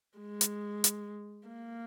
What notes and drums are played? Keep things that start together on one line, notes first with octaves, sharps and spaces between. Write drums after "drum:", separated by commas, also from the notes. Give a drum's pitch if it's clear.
G#3
drum: hi-hat
drum: hi-hat
A#3